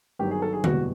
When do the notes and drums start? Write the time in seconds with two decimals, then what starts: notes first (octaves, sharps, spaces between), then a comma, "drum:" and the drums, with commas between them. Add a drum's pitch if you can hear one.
0.19 G1 G2 D#3 F#3 G4
0.31 G#4
0.42 A4
0.53 G#4
0.64 F#1 E2 B2 G3 F#4, drum: tom D3